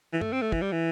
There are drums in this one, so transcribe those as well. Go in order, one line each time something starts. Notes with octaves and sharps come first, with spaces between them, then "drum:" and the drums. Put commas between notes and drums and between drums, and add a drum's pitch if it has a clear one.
E3
A3, drum: tom G2
C4
A3
E3, drum: kick
G3
E3